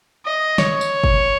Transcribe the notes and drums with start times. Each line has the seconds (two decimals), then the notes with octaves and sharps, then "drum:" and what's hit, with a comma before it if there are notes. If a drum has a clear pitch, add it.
0.26 D#5
0.58 C#5, drum: snare
0.81 drum: tambourine
1.04 drum: kick